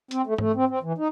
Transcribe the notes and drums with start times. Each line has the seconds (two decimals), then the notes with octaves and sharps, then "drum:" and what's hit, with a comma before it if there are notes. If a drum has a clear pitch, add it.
0.11 C4, drum: hi-hat
0.26 A3
0.38 A3, drum: tom G#2
0.55 C4
0.69 C4
0.83 E3
0.98 D#4